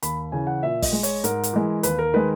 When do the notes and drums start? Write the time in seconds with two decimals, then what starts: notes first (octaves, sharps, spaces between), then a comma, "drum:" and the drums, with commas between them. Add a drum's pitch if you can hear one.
0.03 D#2 B5, drum: hi-hat
0.32 C#3 E3 G#5
0.47 F#5
0.63 A#2 E5
0.82 D#5, drum: kick, open hi-hat
0.93 G#3
1.03 C#5, drum: hi-hat
1.24 G#2 A#4, drum: hi-hat
1.43 drum: hi-hat
1.53 E3 G#3
1.83 D#2 B4, drum: hi-hat
1.99 A#4
2.14 D#3 G#3 B4